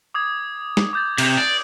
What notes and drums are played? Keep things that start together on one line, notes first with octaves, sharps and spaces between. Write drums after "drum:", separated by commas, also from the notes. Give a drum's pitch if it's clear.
D6 D#6 G#6
drum: snare
D6 G6 A6
C3, drum: cymbal
D5